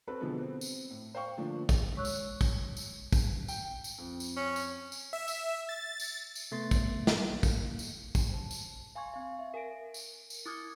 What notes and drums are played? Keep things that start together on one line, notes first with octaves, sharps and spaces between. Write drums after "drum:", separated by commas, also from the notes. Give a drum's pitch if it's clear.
C4 F#4 A4 B4
B2 D3 E3 F3 G#3 B3
C4
drum: tambourine
A2
C5 F5 G5 C#6
D3 F3 A3 A#3 D4
drum: kick, tambourine
G#3 C#5 C#6 E6 F#6
drum: tambourine
drum: kick, tambourine
drum: tambourine
drum: kick, tambourine
G5, drum: tambourine
drum: tambourine
F2
drum: tambourine
C#4
drum: tambourine
drum: tambourine
E5
drum: tambourine
A6
drum: tambourine
drum: tambourine
C3 A3 B3 C6 A6
drum: kick, tambourine
drum: snare
A#3
drum: kick, tambourine
drum: tambourine
drum: kick, tambourine
C5 A5
drum: tambourine
F5 G#5 C6 C#6 G#6
C4 F5
E5
A#4 G#5 A#6 D7
drum: tambourine
drum: tambourine
E4 D6 D#6 F6 G#6 C#7